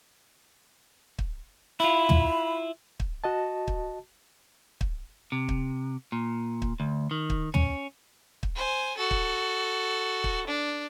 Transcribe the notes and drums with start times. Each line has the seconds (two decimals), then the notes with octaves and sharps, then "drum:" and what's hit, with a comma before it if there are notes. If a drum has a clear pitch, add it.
1.19 drum: kick
1.80 E4 F4 B5
2.09 drum: tom
3.00 drum: kick
3.24 F#4 D#5 A5
3.68 drum: kick
4.81 drum: kick
5.32 C3
5.49 drum: kick
6.12 A#2
6.62 drum: kick
6.80 D2
7.11 D#3
7.30 drum: kick
7.54 C#4, drum: tom
8.43 drum: kick
8.56 C5 G#5
8.97 F#4 A4
9.11 drum: kick
10.24 drum: kick
10.47 D4